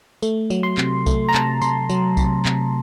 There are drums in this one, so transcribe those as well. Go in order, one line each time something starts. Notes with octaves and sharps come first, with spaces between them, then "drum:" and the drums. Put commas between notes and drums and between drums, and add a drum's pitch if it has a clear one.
A3, drum: tambourine
F#3, drum: tambourine
C6
C3, drum: clap
A3, drum: kick B1, tambourine
A#5
C3 A5, drum: clap
C3 C6, drum: tambourine
F#3, drum: tambourine
C3, drum: kick B1, tambourine
C3, drum: clap